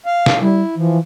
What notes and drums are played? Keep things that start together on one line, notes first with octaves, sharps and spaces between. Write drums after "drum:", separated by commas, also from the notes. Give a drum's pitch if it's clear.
F5
drum: snare
G3 E4
E3 F3